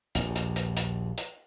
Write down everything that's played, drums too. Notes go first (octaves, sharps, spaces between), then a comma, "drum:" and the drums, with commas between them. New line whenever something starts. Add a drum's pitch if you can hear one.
A#1 D#2, drum: hi-hat
drum: hi-hat
drum: hi-hat
drum: hi-hat
drum: hi-hat